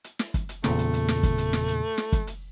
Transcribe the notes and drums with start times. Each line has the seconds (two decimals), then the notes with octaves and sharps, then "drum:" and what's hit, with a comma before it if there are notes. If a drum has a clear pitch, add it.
0.04 drum: hi-hat
0.19 drum: snare
0.34 drum: kick F#1, hi-hat
0.49 drum: hi-hat
0.64 E2 A#2 C#3 A3, drum: snare
0.79 drum: hi-hat
0.94 drum: hi-hat
1.08 drum: snare
1.23 drum: kick F#1, hi-hat
1.38 drum: hi-hat
1.53 drum: snare
1.68 drum: hi-hat
1.98 drum: snare
2.12 drum: kick F#1, hi-hat
2.27 drum: hi-hat